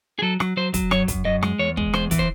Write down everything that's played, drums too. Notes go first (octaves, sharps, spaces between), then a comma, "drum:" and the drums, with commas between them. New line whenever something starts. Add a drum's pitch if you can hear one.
G#4
F#3 A4
F#3, drum: rim click
F#3 C5
F#3, drum: kick, hi-hat
F#2 C#5, drum: rim click
F#2, drum: kick, hi-hat
F#2 D#5
G#3, drum: rim click
E2 C#5
G#3, drum: kick
E2 C5, drum: rim click
E3, drum: kick, hi-hat
C5